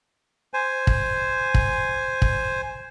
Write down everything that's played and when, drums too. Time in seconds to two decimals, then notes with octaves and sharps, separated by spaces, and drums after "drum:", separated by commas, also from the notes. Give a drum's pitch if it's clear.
0.54 C5 G#5
0.87 drum: kick
1.54 drum: kick
2.22 drum: kick